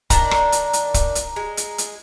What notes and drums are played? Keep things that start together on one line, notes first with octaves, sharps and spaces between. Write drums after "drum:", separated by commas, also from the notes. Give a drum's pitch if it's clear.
D#3 D4 A5 A#5, drum: kick, hi-hat
drum: rim click
drum: hi-hat
drum: hi-hat
drum: kick, hi-hat
drum: hi-hat
G#3
drum: hi-hat
drum: hi-hat